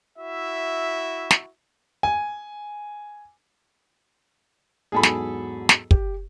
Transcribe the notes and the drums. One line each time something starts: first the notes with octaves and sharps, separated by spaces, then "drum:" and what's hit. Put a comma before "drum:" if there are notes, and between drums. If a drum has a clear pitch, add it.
E4 F#4 E5
drum: snare
G#5
E2 G#2 F#3 G#4 A4 B5
drum: snare
drum: snare
G4, drum: kick